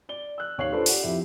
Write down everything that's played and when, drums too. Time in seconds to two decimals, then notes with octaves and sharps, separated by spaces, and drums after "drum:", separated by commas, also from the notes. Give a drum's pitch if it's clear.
0.09 D5 G7
0.38 E6 F#6
0.58 D#2 C#5 F5 C7 F#7
0.72 D4 F4 A4 B4 C5 D5
0.86 G4 F#5, drum: open hi-hat
1.03 F2 F3 E4 G4